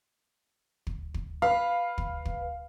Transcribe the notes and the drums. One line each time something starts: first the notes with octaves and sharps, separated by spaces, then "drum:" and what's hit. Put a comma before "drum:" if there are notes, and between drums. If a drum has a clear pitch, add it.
drum: kick
drum: kick
B4 F5
drum: kick
drum: kick